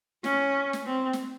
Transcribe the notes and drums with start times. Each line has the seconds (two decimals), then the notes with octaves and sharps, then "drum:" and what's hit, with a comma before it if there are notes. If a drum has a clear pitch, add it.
0.24 C#4, drum: snare
0.73 drum: snare
0.86 C4
1.13 drum: snare